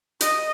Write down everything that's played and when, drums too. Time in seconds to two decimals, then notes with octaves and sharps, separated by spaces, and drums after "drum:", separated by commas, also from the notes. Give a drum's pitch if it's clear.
0.21 D#5, drum: hi-hat